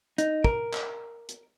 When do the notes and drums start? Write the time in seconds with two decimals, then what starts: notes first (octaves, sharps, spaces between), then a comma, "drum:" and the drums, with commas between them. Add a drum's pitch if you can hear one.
0.18 D#4, drum: hi-hat
0.44 A#4, drum: kick
0.74 drum: clap
1.29 drum: hi-hat